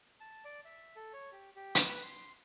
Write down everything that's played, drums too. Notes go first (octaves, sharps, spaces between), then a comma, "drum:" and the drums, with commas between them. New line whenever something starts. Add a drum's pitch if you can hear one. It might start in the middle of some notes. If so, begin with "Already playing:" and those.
A5
D5
E5
A4
C#5
G4
G4
drum: hi-hat
B4
C6